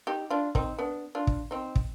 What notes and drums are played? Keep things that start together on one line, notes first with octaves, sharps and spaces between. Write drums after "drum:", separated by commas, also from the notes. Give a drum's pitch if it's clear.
D#4 G4
D4 F4
C4 D#4, drum: kick
B3 D4
D4 F4
drum: kick
C4 D#4
drum: kick